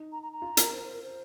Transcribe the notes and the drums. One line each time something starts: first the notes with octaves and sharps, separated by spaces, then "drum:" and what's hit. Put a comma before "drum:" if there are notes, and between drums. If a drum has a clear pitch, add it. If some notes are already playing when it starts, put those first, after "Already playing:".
Already playing: D#4
A#5
A#5
A#5
F4
A#4, drum: hi-hat
C5
C5
A#4
C5